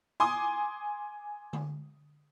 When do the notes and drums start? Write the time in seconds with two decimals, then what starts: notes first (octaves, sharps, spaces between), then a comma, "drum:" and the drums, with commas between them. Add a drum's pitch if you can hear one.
0.20 G#5 C6 D6 D#6
1.53 drum: tom D3